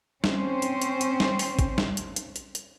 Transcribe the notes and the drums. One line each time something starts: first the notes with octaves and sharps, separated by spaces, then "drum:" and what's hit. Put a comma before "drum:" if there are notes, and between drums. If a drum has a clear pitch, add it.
C4 C#4 C5, drum: snare
drum: hi-hat
drum: hi-hat
drum: hi-hat
drum: snare
drum: open hi-hat
drum: kick G#1, hi-hat
drum: snare
drum: hi-hat
drum: hi-hat
drum: hi-hat
drum: hi-hat